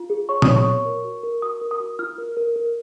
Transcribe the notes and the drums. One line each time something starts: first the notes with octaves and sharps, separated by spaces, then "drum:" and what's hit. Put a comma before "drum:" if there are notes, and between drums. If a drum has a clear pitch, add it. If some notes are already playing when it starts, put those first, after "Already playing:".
Already playing: F4
G#4
C#5 C#6
D#6, drum: tom A#2
C#5
C#6
F4
A#4
F#4
A#4
F#4 D#6
A#4
D#6
F#4
F4 F6
A#4
A#4
A#4